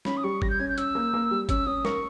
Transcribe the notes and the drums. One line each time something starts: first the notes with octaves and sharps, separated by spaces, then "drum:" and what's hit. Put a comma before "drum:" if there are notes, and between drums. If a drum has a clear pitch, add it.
C#4 B5, drum: snare
D#6
G3 C#6
G3 A#6, drum: kick G#1
G6
C#4 G#6
G6
C#4 E6, drum: hi-hat
A#3
A#3
G3
C#4 E6, drum: kick G#1, hi-hat
C#4 D#6
A#4 C#6, drum: snare